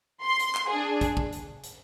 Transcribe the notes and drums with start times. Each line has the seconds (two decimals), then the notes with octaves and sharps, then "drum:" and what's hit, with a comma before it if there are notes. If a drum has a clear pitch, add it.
0.24 C6
0.39 drum: hi-hat
0.55 drum: clap
0.70 D4 G#4
1.01 drum: kick, hi-hat
1.17 drum: kick
1.32 drum: hi-hat
1.63 drum: hi-hat